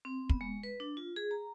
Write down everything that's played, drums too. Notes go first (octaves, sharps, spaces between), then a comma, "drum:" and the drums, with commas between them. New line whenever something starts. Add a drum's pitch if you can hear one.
C4
B3, drum: kick
G#3
B4
D4
F4
G#4
A#5